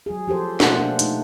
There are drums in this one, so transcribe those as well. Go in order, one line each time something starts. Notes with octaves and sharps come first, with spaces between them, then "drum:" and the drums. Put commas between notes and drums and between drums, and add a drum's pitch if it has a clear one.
F#3 G#4
F3 G4 A4 C5
B2 A3 A#3 C5 E5 F#5, drum: snare
D4
A3 D#4, drum: hi-hat